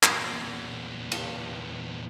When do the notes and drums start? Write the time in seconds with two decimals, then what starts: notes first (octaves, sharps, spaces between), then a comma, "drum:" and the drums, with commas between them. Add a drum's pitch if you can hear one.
0.03 E2 A#2, drum: clap
1.12 drum: cymbal